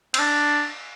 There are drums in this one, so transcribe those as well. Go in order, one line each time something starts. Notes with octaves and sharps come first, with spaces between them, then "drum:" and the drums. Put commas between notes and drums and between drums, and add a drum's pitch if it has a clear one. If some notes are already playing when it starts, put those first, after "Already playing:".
C4, drum: cymbal
D4